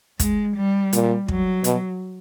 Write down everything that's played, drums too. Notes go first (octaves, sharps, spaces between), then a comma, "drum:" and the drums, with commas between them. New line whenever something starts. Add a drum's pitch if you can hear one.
G#3, drum: kick, hi-hat
G3
A#2, drum: hi-hat
F#3, drum: kick
B2, drum: hi-hat